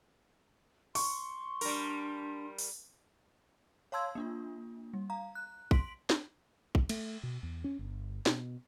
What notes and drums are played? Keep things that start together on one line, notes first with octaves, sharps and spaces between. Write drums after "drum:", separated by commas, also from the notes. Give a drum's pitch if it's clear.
C6 C#6, drum: open hi-hat
G3 D4 A#4, drum: open hi-hat
drum: open hi-hat
C#5 F5 A5 C6 E6 G#6
A#3 D4 F4
G3
F5 A#5
F#6
C6 B6 D7 F#7, drum: kick
drum: snare
drum: kick
A3, drum: cymbal
B2
E2
C#4
G1
B2, drum: snare